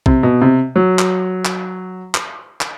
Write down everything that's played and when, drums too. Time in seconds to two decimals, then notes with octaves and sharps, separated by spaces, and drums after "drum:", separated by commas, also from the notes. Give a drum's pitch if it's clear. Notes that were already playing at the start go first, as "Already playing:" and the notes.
0.06 C3, drum: kick A#1
0.23 B2
0.41 C3
0.76 F#3
0.99 drum: clap
1.45 drum: clap
2.15 drum: clap
2.61 drum: clap